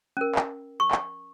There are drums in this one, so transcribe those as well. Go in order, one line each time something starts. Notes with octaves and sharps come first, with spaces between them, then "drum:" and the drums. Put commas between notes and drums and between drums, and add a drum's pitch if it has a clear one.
C#4 A#4
drum: clap
C#6
drum: clap